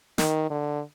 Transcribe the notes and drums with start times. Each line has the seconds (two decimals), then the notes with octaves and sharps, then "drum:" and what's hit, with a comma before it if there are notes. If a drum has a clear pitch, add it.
0.18 D#3, drum: snare
0.50 D3